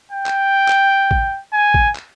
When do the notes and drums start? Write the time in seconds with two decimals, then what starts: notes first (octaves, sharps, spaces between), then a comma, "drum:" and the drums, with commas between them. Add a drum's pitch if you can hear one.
0.12 G5
0.26 drum: clap
0.69 drum: clap
1.11 drum: kick A1
1.53 G#5
1.74 drum: kick A1
1.95 drum: clap